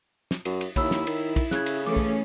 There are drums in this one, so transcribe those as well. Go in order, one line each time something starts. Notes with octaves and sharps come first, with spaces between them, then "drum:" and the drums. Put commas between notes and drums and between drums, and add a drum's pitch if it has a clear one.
drum: snare
F#2, drum: cymbal
drum: cymbal
D#2 E4 C#5 B5 E6, drum: kick, cymbal
drum: snare
D#3, drum: cymbal
drum: kick, cymbal
C#3 F#6 G#6, drum: snare
drum: cymbal
E3 A3 C#4 A4 D6
drum: kick